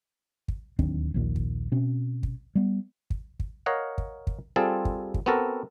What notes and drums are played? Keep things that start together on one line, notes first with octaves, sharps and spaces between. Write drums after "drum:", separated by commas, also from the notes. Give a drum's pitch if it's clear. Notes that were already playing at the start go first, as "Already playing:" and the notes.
drum: kick
D1 D#2 C4 D4, drum: kick
A#1 D#2 A#2
drum: kick
B2 C4 C#4
drum: kick
G3 B3
drum: kick
drum: kick
A#4 C#5 D#5 F5 F#5
drum: kick
drum: kick
G3 C4 F4 G#4 A4
drum: kick
drum: kick
B3 C4 F#4 A4 A#4